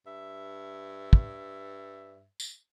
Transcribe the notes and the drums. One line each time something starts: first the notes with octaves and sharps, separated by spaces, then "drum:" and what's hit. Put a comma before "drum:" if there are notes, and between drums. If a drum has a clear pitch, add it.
G2 E5
drum: kick
drum: tambourine